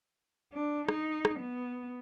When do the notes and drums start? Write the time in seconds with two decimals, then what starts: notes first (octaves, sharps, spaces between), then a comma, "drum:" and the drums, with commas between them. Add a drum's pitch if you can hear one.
0.53 D4
0.88 D#4, drum: rim click
1.25 drum: rim click
1.40 B3